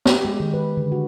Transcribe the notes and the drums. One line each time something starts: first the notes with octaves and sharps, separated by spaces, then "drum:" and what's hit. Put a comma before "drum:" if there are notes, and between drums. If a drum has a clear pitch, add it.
G4, drum: snare
G#3
D#3
B4
D3
F#4